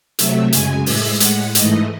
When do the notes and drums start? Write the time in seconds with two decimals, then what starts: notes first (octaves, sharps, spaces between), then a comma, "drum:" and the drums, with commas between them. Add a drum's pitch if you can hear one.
0.19 C3 F#3 A3 E5, drum: hi-hat
0.53 F#2 C#3 G#3 G#5, drum: hi-hat
0.86 A2 G#3 E5, drum: open hi-hat
1.20 A2 G#3 F#5, drum: hi-hat
1.55 G#2 E3 A3 D#5, drum: hi-hat